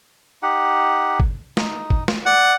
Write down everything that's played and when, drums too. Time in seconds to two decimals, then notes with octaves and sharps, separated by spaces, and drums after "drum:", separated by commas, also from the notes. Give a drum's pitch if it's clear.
0.43 D#4 G4 F#5
1.20 drum: kick
1.57 D#4, drum: snare
1.90 drum: kick
2.08 drum: snare
2.26 D5 F#5